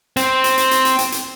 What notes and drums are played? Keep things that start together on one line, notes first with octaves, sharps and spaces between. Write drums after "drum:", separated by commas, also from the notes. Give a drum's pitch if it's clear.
C4, drum: hi-hat
drum: hi-hat
drum: hi-hat
drum: hi-hat
drum: hi-hat
drum: hi-hat
drum: hi-hat